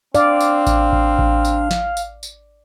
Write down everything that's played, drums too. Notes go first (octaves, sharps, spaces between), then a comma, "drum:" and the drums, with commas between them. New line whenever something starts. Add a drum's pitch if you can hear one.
C4 D4 D5 F5, drum: tambourine
drum: tambourine
drum: kick A1, tambourine
drum: kick A1
drum: kick A1
drum: tambourine
drum: snare
drum: tambourine
drum: tambourine